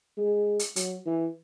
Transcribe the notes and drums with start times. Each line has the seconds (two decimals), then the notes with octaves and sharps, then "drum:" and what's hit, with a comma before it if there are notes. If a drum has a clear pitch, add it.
0.17 G#3
0.59 drum: hi-hat
0.76 F#3, drum: hi-hat
1.06 E3